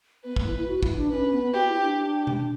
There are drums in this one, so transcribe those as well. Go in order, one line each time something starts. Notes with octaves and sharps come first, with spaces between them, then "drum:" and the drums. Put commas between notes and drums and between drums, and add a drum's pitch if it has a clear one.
B3 B4
A#3, drum: kick
E4
E4
F#4
E4, drum: kick
D4
C#4 B4
C#4
B3
B3
F#4 G4
E4
D4
D4 G4
drum: tom B2